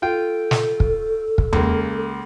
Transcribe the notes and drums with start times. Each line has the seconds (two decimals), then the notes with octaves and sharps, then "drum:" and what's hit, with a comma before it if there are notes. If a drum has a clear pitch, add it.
0.02 F4 A4 G5
0.51 drum: snare
0.80 drum: kick
1.38 drum: kick
1.53 C#2 A#3, drum: tom E2